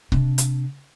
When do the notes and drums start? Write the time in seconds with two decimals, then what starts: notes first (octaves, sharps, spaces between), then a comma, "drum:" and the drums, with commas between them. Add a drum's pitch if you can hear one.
0.12 C3 D4, drum: kick C#1
0.38 drum: hi-hat